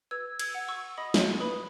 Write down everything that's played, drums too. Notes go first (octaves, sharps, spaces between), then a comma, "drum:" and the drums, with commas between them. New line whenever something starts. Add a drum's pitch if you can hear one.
B4 E6 G#6
E6 G#6, drum: cymbal
F#5
C#6 E6
D#5 B5 D#6
drum: snare
B4 B5 D#6